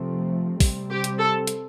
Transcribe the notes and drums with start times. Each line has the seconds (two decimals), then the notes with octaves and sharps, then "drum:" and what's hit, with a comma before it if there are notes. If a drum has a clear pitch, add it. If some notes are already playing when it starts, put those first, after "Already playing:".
Already playing: C3 F3 A3 C4
0.60 C3 G3 C4, drum: kick, open hi-hat
0.90 G4
1.04 drum: hi-hat
1.18 A4
1.47 drum: hi-hat